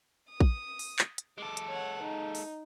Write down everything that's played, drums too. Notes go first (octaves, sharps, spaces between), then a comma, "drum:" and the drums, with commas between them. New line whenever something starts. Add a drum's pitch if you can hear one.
D#6
drum: kick
drum: open hi-hat
drum: clap
drum: hi-hat
G#3 A4 D6
drum: hi-hat
C#5 F#5
D#4
drum: open hi-hat